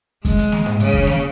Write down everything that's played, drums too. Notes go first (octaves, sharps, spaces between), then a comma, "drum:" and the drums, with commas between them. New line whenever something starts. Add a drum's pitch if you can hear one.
G#3, drum: kick F2, hi-hat
drum: hi-hat
drum: snare A#3
drum: tom G#2
C#3, drum: hi-hat
drum: kick F2
drum: snare A#3